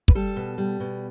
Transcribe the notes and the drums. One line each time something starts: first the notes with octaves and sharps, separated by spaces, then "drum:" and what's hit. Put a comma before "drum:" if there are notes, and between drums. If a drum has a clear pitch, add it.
B4, drum: kick
G3 A4
B2
G3
B2